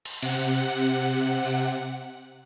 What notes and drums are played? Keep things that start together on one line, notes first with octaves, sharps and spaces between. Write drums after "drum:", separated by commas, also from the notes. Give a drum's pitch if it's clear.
drum: cymbal
C3 F#5, drum: cymbal
drum: tambourine